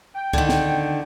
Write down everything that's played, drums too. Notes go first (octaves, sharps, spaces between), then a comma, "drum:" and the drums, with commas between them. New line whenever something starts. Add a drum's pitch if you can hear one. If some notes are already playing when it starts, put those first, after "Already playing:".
G5
D3 D#3, drum: kick C#2
drum: snare